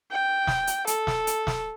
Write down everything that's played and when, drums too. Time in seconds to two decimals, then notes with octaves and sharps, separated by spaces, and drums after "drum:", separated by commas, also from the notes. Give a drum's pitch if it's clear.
0.11 G5
0.47 drum: snare
0.67 drum: hi-hat
0.87 A4, drum: hi-hat
1.07 drum: snare
1.27 drum: hi-hat
1.47 drum: snare